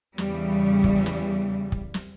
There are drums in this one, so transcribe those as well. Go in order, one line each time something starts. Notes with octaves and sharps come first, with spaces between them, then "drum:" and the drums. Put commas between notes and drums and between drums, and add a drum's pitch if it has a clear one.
E2 C#3 E3 G3, drum: snare
drum: kick
drum: snare
drum: kick
drum: snare